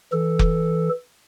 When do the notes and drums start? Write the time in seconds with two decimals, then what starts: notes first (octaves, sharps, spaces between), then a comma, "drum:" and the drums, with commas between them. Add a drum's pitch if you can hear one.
0.12 E3 A4
0.39 drum: kick F1